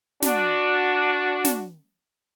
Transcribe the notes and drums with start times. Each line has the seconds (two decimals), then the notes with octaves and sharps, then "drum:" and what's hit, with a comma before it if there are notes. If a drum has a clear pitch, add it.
0.22 D4 F#4, drum: snare
1.45 drum: snare